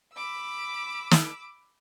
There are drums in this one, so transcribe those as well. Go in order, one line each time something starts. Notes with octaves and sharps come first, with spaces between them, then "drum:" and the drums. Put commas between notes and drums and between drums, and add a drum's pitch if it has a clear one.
B5 D6 E6
drum: snare